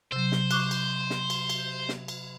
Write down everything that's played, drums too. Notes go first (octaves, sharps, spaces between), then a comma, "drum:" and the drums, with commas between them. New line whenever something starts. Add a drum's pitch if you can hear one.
C3 F#3 C5
drum: snare
C#6 D6 F#6, drum: cymbal
drum: cymbal
drum: snare
drum: cymbal
drum: cymbal
drum: snare
drum: cymbal